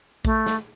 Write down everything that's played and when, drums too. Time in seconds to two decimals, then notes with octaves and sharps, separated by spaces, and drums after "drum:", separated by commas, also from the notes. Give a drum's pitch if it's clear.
0.25 A3, drum: kick A#1, hi-hat
0.46 drum: snare